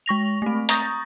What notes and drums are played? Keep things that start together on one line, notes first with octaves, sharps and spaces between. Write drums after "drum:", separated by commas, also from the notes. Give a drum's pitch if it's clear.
G#3 C#6 A#6 F7
A3 C4
A#5 C#6 D#6 G6 A6 A#6, drum: hi-hat